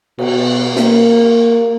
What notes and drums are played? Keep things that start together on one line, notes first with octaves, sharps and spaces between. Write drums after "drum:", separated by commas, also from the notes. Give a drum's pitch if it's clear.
B2, drum: cymbal
A#3, drum: snare